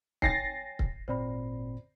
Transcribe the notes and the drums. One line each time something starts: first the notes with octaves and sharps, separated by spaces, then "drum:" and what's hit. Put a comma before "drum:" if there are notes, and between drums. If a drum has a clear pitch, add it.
C#5 G5 G#5 A6 A#6 C7, drum: kick C#1
drum: kick C#1
G#1 A#2 C4 C5 D5 B5